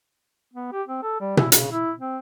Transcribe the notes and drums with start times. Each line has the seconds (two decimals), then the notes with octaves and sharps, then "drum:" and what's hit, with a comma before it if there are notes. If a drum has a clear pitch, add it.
0.53 B3
0.72 G4
0.88 C4
1.03 A4
1.20 G3
1.37 E4, drum: tom B2
1.52 C#3, drum: hi-hat
1.72 E4
1.99 C4